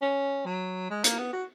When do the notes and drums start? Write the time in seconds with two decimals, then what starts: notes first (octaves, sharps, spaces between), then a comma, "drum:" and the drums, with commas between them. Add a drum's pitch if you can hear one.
0.02 C#4
0.46 F#3
0.90 G#3
1.04 A#3, drum: hi-hat
1.19 B3
1.33 F#4